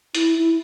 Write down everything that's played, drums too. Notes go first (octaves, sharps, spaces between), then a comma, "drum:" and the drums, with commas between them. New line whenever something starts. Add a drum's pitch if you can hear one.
E4, drum: hi-hat
E4